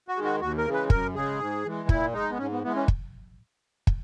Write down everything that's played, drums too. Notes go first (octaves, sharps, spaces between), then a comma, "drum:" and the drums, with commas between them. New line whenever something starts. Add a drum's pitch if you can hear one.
F#4
D#3 G#3
F#4
D#2 F#4
A#4
C#3 E3 G#3
B4
F#2 A#4, drum: kick
C#3 G#3 G#4
G#2
E3 G#3
A#2 E4, drum: kick
G#3 D#4
B3
G#2 C#4
B3
E3 G#3 B3
C#4
drum: kick
drum: kick